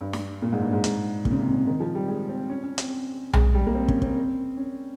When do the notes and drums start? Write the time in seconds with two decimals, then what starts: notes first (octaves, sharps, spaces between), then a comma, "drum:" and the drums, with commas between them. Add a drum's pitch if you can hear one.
0.01 G2
0.13 drum: snare
0.42 A#2
0.52 G#2
0.62 G2
0.73 G#2
0.84 G#2, drum: hi-hat
1.25 A#2, drum: kick
1.31 C#3
1.39 C3
1.53 C#3
1.67 D#3
1.80 F3
1.95 G3
2.08 G#3
2.29 C4
2.49 C#4
2.63 C#4
2.78 C4, drum: hi-hat
3.33 G#3, drum: tom B1
3.54 G3
3.66 A#3
3.75 C4
3.88 C#4, drum: kick
4.02 C4, drum: kick
4.57 C#4